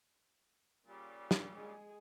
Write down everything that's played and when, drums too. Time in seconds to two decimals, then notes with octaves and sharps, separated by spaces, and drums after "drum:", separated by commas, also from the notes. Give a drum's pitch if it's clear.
0.86 A#2 C#3 G3
1.31 drum: snare
1.54 G#3 G#4